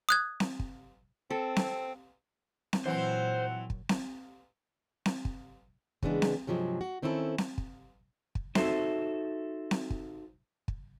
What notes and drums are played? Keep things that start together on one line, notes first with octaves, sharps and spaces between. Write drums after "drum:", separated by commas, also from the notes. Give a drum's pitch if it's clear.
D#6 F#6 G#6
drum: snare C4
drum: kick
C4 A4
drum: snare C4
drum: snare C4
A#2 E3 F#3 C4 C5 F#5
drum: kick
drum: snare C4
drum: snare C4
drum: kick
C#3 E3 G#3 B3 D4, drum: kick
drum: snare C4
G2 C3 F3 F#3 G#3
F#4
D#3 C4 C#4 E4 F4 A4
drum: snare C4
drum: kick
drum: kick
D#4 F#4 A4 C5 E5, drum: snare C4
drum: snare C4
drum: kick
drum: kick